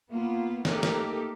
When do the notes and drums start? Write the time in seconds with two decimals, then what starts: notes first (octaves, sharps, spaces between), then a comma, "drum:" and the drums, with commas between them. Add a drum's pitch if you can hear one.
0.11 A#3 B3 F4
0.65 A3 A#3 D#4 G4 A4 A#4, drum: snare
0.83 drum: snare